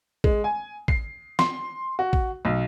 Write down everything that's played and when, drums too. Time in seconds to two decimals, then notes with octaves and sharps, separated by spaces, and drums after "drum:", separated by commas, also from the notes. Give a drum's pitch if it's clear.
0.24 G#3, drum: kick A1
0.44 G#5
0.88 C7, drum: kick A1
1.39 C6, drum: snare
1.99 F#4
2.13 drum: kick A1
2.45 B1